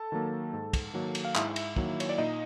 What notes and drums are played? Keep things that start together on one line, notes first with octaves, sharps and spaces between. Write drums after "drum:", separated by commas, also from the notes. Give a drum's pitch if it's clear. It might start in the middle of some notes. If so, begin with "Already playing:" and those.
Already playing: A4 A5
D#3 F#3 A#3
G#2
drum: kick, cymbal
D#3 F#3 A#3
drum: cymbal
F5
G#2 E4 E5, drum: clap
drum: cymbal
D#3 F#3 A#3, drum: kick
C#5, drum: cymbal
D5
A#2 D#4 D#5